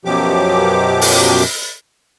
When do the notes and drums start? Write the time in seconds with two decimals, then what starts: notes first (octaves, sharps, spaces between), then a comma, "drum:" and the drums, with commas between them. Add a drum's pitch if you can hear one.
0.05 F#2 B2 F3 F#3 G4 D6
1.01 drum: open hi-hat